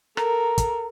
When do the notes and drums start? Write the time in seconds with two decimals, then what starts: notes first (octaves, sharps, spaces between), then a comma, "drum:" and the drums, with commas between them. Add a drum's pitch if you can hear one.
0.17 A4 A#4 A#5, drum: rim click
0.58 drum: kick, hi-hat